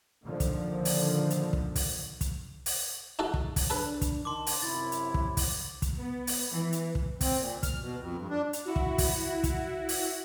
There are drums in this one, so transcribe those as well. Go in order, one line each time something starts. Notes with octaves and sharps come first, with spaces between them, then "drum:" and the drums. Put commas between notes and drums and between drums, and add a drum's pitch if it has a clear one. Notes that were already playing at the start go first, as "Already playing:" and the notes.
A#2 D3 D#3 F3
drum: kick, hi-hat
drum: open hi-hat
drum: hi-hat
drum: kick
drum: kick, open hi-hat
drum: kick, hi-hat
drum: open hi-hat
D#4 F#4 A4
drum: kick
drum: kick, open hi-hat
D4 A4 B4
drum: kick, hi-hat
D#3 A5 C6 D6
drum: open hi-hat
F#2 C3 E4 A6
drum: hi-hat
drum: kick
drum: kick, open hi-hat
drum: kick, hi-hat
B3
drum: open hi-hat
E3
drum: hi-hat
drum: kick
C4, drum: kick, open hi-hat
A#2
F6, drum: kick, hi-hat
B2
F2
G2
D4
drum: hi-hat
E4 F#4
drum: kick
drum: kick, open hi-hat
drum: kick, hi-hat
drum: open hi-hat